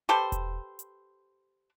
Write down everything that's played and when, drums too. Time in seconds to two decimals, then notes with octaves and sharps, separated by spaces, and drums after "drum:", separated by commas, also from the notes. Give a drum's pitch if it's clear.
0.09 G4 A4 B4 C5
0.32 drum: kick E1, hi-hat
0.79 drum: hi-hat